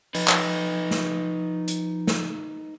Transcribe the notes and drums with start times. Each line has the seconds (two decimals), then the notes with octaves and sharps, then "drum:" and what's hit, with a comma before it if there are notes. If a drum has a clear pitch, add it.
0.15 F3 D#4 B4, drum: open hi-hat
0.28 drum: clap
0.91 drum: snare
1.68 drum: hi-hat
2.07 drum: snare